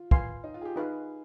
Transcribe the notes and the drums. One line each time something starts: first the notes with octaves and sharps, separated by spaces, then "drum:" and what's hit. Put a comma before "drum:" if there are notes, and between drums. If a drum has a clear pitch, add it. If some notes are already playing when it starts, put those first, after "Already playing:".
Already playing: F4
B4 F5 G#5 C6, drum: kick
D#4
F4
G#4
G4
D#4 G#4 B4 F5